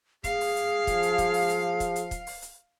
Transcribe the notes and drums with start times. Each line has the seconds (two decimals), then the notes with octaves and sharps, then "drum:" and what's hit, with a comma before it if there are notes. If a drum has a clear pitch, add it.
0.24 G#4 F5, drum: kick, hi-hat
0.41 drum: open hi-hat
0.56 drum: hi-hat
0.87 F3, drum: kick, hi-hat
1.03 drum: hi-hat
1.18 drum: kick, hi-hat
1.34 drum: open hi-hat
1.49 drum: hi-hat
1.80 drum: kick, hi-hat
1.96 drum: hi-hat
2.11 drum: kick, hi-hat
2.27 drum: open hi-hat
2.42 drum: hi-hat